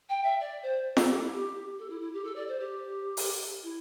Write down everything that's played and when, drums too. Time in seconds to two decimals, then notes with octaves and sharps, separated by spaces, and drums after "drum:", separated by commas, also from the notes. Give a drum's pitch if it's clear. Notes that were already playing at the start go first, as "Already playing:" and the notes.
0.09 G5
0.23 E5
0.40 D5
0.62 C5
0.97 A4, drum: snare F4
1.08 G4
1.20 E4
1.32 G4
1.79 A4
1.90 E4
2.00 E4
2.13 G4
2.24 A4
2.35 D5
2.48 C5
2.59 G4
3.17 drum: open hi-hat
3.63 E4